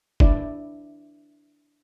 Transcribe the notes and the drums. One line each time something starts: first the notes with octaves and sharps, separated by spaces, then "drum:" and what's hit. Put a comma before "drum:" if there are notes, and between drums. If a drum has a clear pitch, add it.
D4 E4 D5, drum: kick F1